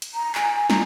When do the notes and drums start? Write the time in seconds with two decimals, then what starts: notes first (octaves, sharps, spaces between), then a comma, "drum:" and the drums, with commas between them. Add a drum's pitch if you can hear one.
0.02 drum: hi-hat
0.14 A#5
0.35 G#5, drum: clap
0.56 G#5
0.70 A#5, drum: snare